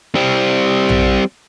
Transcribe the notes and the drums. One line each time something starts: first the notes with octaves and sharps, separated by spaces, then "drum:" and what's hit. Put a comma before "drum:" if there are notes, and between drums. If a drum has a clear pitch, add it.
G3 C4
drum: tom A#1